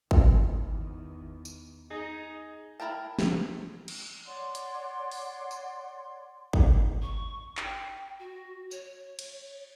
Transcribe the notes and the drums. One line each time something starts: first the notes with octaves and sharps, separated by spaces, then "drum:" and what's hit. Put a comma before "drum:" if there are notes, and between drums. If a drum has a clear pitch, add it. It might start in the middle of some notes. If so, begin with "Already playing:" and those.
E2 D#3, drum: kick G#1
drum: tambourine
D#4 G#4
E4 F4 A#4 G5 A5
drum: snare
drum: cymbal
C#5 D5 F#5 C6
drum: hi-hat
drum: open hi-hat
drum: tambourine
drum: kick G#1
C#6
G5, drum: clap
F#4
C#5, drum: tambourine
drum: cymbal